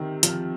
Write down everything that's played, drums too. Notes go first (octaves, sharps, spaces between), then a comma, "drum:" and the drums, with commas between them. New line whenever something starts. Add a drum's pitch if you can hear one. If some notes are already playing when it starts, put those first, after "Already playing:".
Already playing: C3 D#3
F3, drum: hi-hat